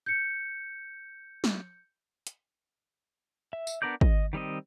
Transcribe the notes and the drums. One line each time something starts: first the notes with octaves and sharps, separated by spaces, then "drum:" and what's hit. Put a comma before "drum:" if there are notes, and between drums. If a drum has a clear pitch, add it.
G6 C#7
drum: snare
drum: hi-hat
E5
drum: tambourine
B3 D4 A#4 D5 G6
D#5, drum: kick
D#3 G3 C4 D#5